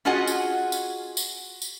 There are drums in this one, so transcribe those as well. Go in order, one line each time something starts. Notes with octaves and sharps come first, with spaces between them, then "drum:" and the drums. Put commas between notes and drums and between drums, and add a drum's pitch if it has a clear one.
C#4 F4 F#4 G#4 D#5 F#5
drum: tambourine
drum: tambourine
drum: tambourine
drum: tambourine